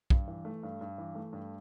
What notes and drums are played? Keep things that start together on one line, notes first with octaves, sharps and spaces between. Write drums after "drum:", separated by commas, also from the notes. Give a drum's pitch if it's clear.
G2, drum: kick B1
E3
A3
G2
G2
E3
A3
G2